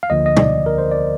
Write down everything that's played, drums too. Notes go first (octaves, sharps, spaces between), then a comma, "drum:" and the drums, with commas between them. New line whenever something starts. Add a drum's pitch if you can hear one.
F5
D2 D3 F3 A#3 D#5
D#5
D5, drum: tom
A#4
C5
D5